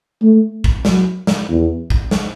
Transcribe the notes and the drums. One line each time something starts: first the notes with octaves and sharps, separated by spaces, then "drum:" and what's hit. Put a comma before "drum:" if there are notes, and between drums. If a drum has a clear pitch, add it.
A3
drum: kick
F#3, drum: snare
drum: snare
E2
drum: kick
drum: snare